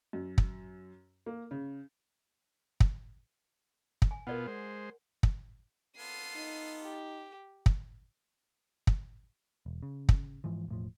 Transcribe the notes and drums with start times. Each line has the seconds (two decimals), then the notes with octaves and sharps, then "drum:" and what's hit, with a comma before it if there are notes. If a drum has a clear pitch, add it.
0.13 F#2
0.38 drum: kick
1.26 A#3
1.51 C#3
2.80 drum: kick
4.02 drum: kick
4.11 G#5
4.27 B2 B3 F4 A#4 D5 F#5
4.47 G#3 C5
5.23 drum: kick
5.99 B3 F4 A4 C7 D#7
6.36 D#4
6.83 G4
7.66 drum: kick
8.87 drum: kick
9.66 E1
9.83 C#3
10.09 drum: kick
10.44 G#2 E3 F3
10.68 E1 A2 F3